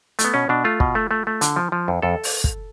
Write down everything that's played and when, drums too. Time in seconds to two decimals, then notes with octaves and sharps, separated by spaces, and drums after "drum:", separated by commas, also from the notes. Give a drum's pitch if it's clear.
0.19 A3, drum: hi-hat
0.25 B3
0.34 B2 C#4
0.49 B2 D4
0.64 A3 F4
0.80 B2, drum: kick
0.95 A3
1.11 A3
1.27 A3
1.41 D3, drum: hi-hat
1.56 F3
1.72 F3
1.88 F2
2.02 F2 A4
2.24 drum: open hi-hat
2.44 drum: kick